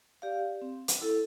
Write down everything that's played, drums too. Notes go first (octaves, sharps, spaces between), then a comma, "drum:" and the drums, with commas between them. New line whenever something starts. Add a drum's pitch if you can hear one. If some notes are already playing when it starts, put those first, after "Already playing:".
G4 D5 F5
C4
drum: hi-hat
E4 A4